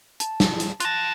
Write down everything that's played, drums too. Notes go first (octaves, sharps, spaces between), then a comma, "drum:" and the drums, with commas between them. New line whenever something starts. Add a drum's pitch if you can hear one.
A5, drum: hi-hat
drum: snare
drum: hi-hat
F4 A5 F#6 A#6, drum: hi-hat